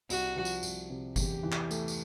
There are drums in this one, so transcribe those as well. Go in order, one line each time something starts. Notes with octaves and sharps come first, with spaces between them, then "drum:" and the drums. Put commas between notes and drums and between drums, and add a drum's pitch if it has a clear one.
C2 F#4, drum: tambourine
F3
drum: tambourine
C2, drum: tambourine
C3
E2 G4, drum: kick G1, tambourine
E3
drum: clap
A3, drum: tambourine
drum: tambourine